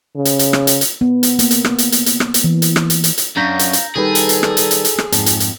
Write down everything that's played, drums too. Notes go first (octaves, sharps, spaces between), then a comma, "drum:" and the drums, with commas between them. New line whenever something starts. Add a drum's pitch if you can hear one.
C#3
drum: hi-hat
drum: hi-hat
drum: rim click
drum: hi-hat
drum: hi-hat
B3
drum: hi-hat
A#3, drum: hi-hat
drum: hi-hat
drum: rim click
drum: hi-hat
drum: hi-hat
drum: hi-hat
drum: rim click
drum: hi-hat
E3
drum: hi-hat
drum: rim click
drum: hi-hat
drum: hi-hat
drum: hi-hat
F#2 D4 F5 A#5 G6 A#6
drum: hi-hat
drum: hi-hat
D#3 G3 G#4 A4 B4
drum: hi-hat
drum: hi-hat
drum: rim click
drum: hi-hat
drum: hi-hat
drum: hi-hat
drum: rim click
F2 G#2 A5, drum: hi-hat
drum: hi-hat
drum: hi-hat